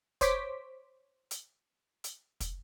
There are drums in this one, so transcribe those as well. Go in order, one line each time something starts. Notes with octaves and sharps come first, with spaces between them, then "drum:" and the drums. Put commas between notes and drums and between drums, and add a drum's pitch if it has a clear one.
C5 C#5 D6 B6, drum: kick, hi-hat
drum: hi-hat
drum: hi-hat
drum: kick, hi-hat